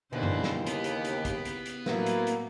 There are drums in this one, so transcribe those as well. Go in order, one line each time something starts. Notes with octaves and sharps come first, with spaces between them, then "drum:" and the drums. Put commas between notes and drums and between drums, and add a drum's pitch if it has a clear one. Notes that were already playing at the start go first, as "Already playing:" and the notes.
D#2 B2 D3 E3 D4 B4 C5
drum: tom F#2
drum: snare
C#3 B3 G4, drum: hi-hat
drum: hi-hat
drum: hi-hat
drum: kick, hi-hat
drum: hi-hat
drum: hi-hat
A2 F#3 A3 A#3 E4 F#4 B4, drum: snare
drum: hi-hat
drum: hi-hat